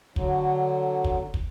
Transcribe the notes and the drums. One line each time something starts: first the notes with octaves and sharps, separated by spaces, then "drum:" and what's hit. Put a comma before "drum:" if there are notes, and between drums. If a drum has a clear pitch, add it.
D3 F#3, drum: kick
drum: kick
drum: kick